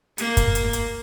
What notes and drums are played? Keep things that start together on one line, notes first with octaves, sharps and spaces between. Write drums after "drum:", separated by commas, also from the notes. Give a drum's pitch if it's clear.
A#3, drum: hi-hat
drum: kick, hi-hat
drum: hi-hat
drum: hi-hat